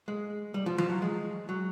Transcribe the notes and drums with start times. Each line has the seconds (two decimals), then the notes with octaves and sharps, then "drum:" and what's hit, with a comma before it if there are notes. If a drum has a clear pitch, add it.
0.08 G#3
0.54 G3
0.66 F3
0.78 F3, drum: tom F3
0.90 F#3
1.02 G#3
1.49 F#3